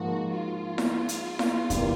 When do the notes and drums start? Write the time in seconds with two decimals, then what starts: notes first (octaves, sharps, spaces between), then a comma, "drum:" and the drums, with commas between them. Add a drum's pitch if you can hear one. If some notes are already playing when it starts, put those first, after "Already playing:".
Already playing: G#2 F3 A#3 F#4
0.32 F4
0.78 drum: snare E4
1.09 drum: hi-hat
1.39 drum: snare E4
1.70 E2 C3 E3 G3 A#3, drum: kick, hi-hat